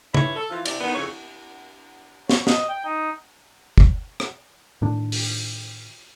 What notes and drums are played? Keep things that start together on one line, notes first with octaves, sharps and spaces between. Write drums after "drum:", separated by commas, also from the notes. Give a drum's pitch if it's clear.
G2 E3 E4 C#5, drum: tom
A4
E3 F3 C4 F4
C3 D5, drum: cymbal
D#3 B3
F2 C#3 C#5
C#5, drum: snare
D#5, drum: snare
G5
D#4
drum: kick
drum: rim click
A2 D#3 D4
drum: open hi-hat